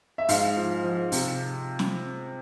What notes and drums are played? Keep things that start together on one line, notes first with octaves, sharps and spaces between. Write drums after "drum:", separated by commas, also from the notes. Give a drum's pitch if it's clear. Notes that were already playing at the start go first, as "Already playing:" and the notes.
E5
G#2 F5, drum: open hi-hat
F3
F3
C3, drum: open hi-hat
drum: snare